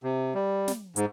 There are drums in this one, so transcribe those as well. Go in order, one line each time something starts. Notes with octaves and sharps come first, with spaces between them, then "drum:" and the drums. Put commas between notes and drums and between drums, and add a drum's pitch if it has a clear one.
C3
G3
drum: snare
G#2, drum: hi-hat